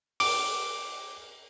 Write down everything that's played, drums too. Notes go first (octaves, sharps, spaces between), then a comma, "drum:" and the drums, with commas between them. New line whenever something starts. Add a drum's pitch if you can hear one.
D6, drum: open hi-hat